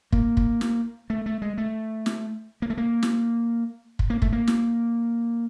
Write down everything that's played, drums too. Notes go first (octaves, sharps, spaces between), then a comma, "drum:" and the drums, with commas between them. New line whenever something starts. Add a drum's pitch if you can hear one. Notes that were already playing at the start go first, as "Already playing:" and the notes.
A#3, drum: kick
drum: kick
drum: snare
A3
A3
G#3
A3
drum: snare
A#3
A3
A#3
drum: snare
drum: kick
A#3
A3, drum: kick
A#3
drum: snare